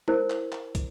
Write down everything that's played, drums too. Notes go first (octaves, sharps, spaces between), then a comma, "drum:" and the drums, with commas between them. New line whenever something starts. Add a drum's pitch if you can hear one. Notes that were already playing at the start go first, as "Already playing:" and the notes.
E4 A#4 C5, drum: tom G#3
drum: clap
drum: clap
drum: kick, hi-hat